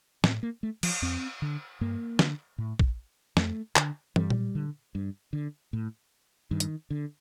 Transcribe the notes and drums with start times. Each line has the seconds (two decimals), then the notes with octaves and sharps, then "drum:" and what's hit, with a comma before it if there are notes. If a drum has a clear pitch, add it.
0.24 A2 C4, drum: snare
0.43 A#3
0.63 A3
0.83 F3, drum: cymbal
1.02 F2 C4
1.42 D3
1.81 G2 A#3
2.19 D3, drum: snare
2.58 A2
2.79 drum: kick A#1
3.37 F2 A3, drum: snare
3.76 D3, drum: clap
4.16 G2 G3, drum: tom
4.30 drum: tom A#2
4.55 D3
4.95 G2
5.33 D3
5.73 A2
6.51 G2 D#3
6.60 drum: hi-hat
6.90 D3